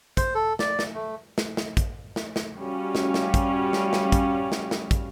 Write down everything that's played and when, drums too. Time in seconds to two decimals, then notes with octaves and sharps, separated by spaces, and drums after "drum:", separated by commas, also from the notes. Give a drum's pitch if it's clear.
0.17 C5, drum: kick, hi-hat
0.35 A4
0.59 D5, drum: snare
0.79 drum: snare
0.95 A3
1.38 drum: snare
1.57 drum: snare
1.77 drum: kick, hi-hat
2.16 drum: snare
2.36 drum: snare
2.59 G3 C#4 F#4 F5
2.95 drum: snare
3.14 drum: snare
3.34 drum: kick, hi-hat
3.73 drum: snare
3.93 drum: snare
4.12 drum: kick, hi-hat
4.52 drum: snare
4.71 drum: snare
4.91 drum: kick, hi-hat